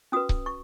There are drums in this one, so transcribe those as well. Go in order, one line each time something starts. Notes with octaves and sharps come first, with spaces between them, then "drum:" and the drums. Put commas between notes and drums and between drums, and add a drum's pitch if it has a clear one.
C#4 F#4 B4 D#6
drum: kick C#1
C#6